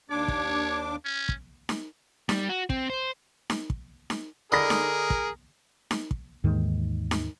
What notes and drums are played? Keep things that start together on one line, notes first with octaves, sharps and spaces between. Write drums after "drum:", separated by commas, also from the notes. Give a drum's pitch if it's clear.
D#2 D4 C#5 D6
drum: kick
C#4
drum: kick
drum: snare D#4
G3, drum: snare D#4
F#4
C4, drum: kick
C5
drum: snare D#4
drum: kick
drum: snare D#4
D3 G#4 A#4 D#5 B5 A#6
drum: snare D#4
drum: kick
drum: snare D#4
drum: kick
D#2 G#2 D#3 E3
drum: snare D#4